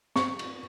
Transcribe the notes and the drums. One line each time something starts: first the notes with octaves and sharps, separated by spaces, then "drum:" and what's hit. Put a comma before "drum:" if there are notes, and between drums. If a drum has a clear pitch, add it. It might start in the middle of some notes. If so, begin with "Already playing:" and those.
C#6, drum: snare
drum: cymbal